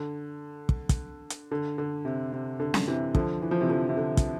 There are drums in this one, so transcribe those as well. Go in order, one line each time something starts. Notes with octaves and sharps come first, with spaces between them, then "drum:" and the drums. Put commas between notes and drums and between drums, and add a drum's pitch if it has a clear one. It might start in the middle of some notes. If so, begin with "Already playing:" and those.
Already playing: D3
drum: kick
drum: kick, hi-hat
drum: hi-hat
D3
D3
C3
C3
D3
drum: snare C#4
C3 E3
D3 F3, drum: kick
E3
F3
C3 E3
D3 F3
C3
D3
drum: kick, hi-hat